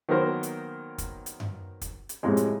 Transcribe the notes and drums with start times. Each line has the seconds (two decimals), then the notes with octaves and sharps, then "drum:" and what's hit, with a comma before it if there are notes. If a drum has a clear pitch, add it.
0.09 D#3 F#3 A#3 B3 A#4 C5
0.43 drum: hi-hat
0.98 drum: kick, hi-hat
1.26 drum: hi-hat
1.40 drum: tom F#2
1.81 drum: kick, hi-hat
2.09 drum: hi-hat
2.23 F2 A2 C3 G#3
2.37 drum: hi-hat